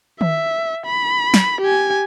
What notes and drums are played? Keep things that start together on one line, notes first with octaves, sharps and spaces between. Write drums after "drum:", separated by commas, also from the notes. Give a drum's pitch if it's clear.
E5, drum: tom D#3
B5
drum: snare
G4 G#5